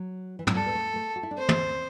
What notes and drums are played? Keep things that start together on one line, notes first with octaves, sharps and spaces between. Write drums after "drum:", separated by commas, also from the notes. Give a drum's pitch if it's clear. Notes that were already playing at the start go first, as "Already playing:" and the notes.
Already playing: F#3
E3
F#3, drum: tom
G3 A4
B3
A3
A3
F#4
E4
D4
C4 C5
drum: tom